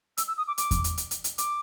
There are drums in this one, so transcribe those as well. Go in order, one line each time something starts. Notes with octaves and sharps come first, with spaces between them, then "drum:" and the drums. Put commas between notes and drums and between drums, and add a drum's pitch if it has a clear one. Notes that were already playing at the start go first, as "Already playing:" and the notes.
E6, drum: hi-hat
E6
D#6
D6
D6, drum: hi-hat
drum: kick E2, hi-hat
drum: hi-hat
drum: hi-hat
drum: hi-hat
drum: hi-hat
D6, drum: hi-hat